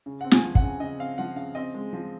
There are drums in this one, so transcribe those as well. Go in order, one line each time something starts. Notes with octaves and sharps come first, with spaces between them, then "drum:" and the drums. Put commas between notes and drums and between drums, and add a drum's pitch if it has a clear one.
C#3
C4 F#5
G#5, drum: snare
F3
F#5, drum: kick
C#3
C#3 D#5
C4 F5
F3 F#5
C#3 F5
C4 D#5
G#3
F3